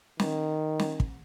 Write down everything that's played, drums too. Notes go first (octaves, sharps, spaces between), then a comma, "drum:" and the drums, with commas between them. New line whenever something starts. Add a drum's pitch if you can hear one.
D#3, drum: snare
drum: snare
drum: kick